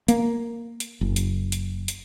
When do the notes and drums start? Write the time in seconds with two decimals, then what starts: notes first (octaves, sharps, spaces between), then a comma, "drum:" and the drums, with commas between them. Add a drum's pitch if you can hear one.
0.08 A#3, drum: hi-hat
0.80 drum: hi-hat
1.01 F#1
1.16 drum: hi-hat
1.52 drum: hi-hat
1.88 drum: hi-hat